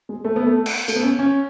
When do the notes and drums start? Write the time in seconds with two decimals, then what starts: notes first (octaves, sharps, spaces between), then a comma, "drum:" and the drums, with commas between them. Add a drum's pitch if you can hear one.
0.09 G#3
0.24 A3
0.36 B3
0.47 A3
0.66 drum: cymbal
0.88 A3, drum: tambourine
0.96 B3
1.03 C#4
1.19 C#4